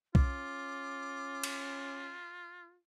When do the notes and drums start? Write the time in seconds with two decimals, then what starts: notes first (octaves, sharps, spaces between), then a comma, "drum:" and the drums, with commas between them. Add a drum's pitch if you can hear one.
0.15 C#4 F4 D6, drum: kick B1
1.44 drum: cymbal